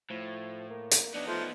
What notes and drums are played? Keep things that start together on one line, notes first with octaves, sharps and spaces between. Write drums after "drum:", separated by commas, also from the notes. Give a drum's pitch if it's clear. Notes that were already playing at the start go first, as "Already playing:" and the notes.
A2 F3
A#3
drum: hi-hat
B3 D4 D#4
F3 A3